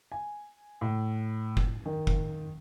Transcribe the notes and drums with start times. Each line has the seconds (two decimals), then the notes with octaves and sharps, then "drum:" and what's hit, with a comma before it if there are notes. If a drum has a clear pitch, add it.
0.12 G#5
0.81 A2
1.57 drum: kick
1.86 D#3
2.07 drum: kick